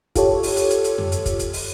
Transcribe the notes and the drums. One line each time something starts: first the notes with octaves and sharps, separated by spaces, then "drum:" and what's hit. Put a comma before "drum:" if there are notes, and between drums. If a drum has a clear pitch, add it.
F4 G4 A4 C#5, drum: kick, hi-hat
drum: open hi-hat
drum: hi-hat
drum: hi-hat
drum: hi-hat
drum: tom F2
drum: hi-hat
drum: kick, hi-hat
drum: hi-hat
drum: open hi-hat